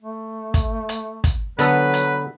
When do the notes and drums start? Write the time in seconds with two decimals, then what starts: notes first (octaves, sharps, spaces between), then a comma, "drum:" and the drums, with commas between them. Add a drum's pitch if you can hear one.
0.02 A3
0.54 drum: kick, hi-hat
0.89 drum: hi-hat
1.24 drum: kick, hi-hat
1.59 D3 F#3 B3 A4 B4, drum: hi-hat
1.94 drum: hi-hat